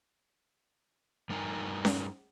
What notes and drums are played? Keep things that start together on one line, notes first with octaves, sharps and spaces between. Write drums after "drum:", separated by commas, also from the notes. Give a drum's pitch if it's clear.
G2 G3 D#4 A#4 G#5
drum: snare C#4